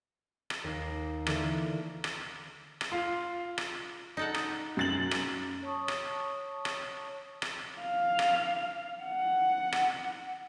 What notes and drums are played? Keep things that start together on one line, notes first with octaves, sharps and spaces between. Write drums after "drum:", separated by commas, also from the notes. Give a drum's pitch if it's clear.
drum: rim click
D#2 A#6 C7
D3 E3 A3 A#3, drum: rim click
drum: rim click
drum: rim click
F4
drum: rim click
D#4 A4 F#5
drum: rim click
F#2 A6 F#7
drum: rim click
C#5 A5 C#6 D#6
drum: rim click
drum: rim click
drum: rim click
F5
drum: rim click
F#5
drum: rim click